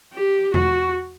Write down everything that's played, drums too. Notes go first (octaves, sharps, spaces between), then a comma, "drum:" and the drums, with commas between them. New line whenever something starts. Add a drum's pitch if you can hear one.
G4
F#4, drum: tom E2